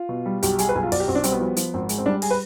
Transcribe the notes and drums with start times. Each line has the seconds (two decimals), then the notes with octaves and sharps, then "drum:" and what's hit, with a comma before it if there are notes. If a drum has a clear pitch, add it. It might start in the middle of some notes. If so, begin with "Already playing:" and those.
Already playing: F4
0.09 B2
0.26 G3
0.43 B1 G4, drum: hi-hat
0.58 G3 G#4, drum: hi-hat
0.69 B4
0.75 B1 G#4
0.83 F4
0.92 B1 D5, drum: open hi-hat
1.00 G4
1.08 B1 C4
1.15 D4
1.24 G3 C4, drum: hi-hat
1.32 B3
1.40 F3
1.57 F3, drum: hi-hat
1.74 G#1 C4
1.89 G#3, drum: hi-hat
1.98 C4
2.06 G3 D4
2.22 G#4, drum: open hi-hat
2.31 B4